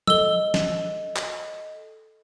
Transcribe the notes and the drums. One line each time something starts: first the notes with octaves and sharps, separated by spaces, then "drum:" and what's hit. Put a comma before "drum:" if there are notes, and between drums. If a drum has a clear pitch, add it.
A4 D#5 E6 G7, drum: tom F3
drum: snare
drum: clap